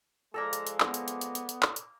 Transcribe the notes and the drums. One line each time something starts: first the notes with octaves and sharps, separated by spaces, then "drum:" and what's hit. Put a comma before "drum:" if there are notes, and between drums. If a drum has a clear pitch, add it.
F3 G#3 A#3 A4 D5 A#5 E6
drum: hi-hat
drum: hi-hat
B3, drum: clap
drum: hi-hat
drum: hi-hat
drum: hi-hat
drum: hi-hat
drum: hi-hat
drum: clap
drum: hi-hat